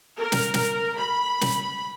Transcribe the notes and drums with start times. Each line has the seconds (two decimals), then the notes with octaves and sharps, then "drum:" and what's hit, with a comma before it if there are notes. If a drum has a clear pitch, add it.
0.19 A#4
0.32 drum: snare
0.54 drum: snare
0.98 B5
1.41 drum: snare